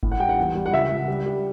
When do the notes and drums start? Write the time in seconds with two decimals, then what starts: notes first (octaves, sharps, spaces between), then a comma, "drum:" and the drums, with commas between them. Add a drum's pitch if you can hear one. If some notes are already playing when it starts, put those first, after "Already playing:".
0.03 A2, drum: kick G1
0.12 F#5
0.20 G3 G5
0.29 F#5
0.38 E2
0.55 G3
0.66 F#5
0.72 C#2 E5
0.90 C#2
1.08 G3
1.26 G3